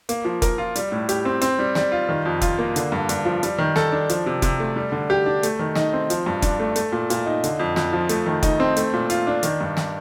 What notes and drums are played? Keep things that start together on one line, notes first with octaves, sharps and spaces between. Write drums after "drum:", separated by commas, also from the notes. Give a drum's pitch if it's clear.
A#3, drum: hi-hat
F3
A#4, drum: kick F1, hi-hat
F4
G3, drum: hi-hat
A2
G4, drum: hi-hat
C4
C4, drum: hi-hat
G3
G3, drum: snare
F4
D#3
F2
F4, drum: kick F1, hi-hat
A#3
D3, drum: hi-hat
G2
G2, drum: hi-hat
F3
G3, drum: hi-hat
D#3
A4, drum: snare
D4
F3, drum: hi-hat
C3
C3, drum: kick F1, hi-hat
A3
G3
D3
G4
D4
A3, drum: hi-hat
D#3
D#4, drum: snare
C4
F3, drum: hi-hat
G2
D4, drum: kick F1, hi-hat
A3
A3, drum: hi-hat
A#2
A#2, drum: hi-hat
D#4
D3, drum: hi-hat
F2
F2, drum: snare
F3
A3, drum: hi-hat
D#3
D#4, drum: kick F1, hi-hat
C4
A3, drum: hi-hat
A#2
F4, drum: hi-hat
D4
D#3, drum: hi-hat
G2
drum: snare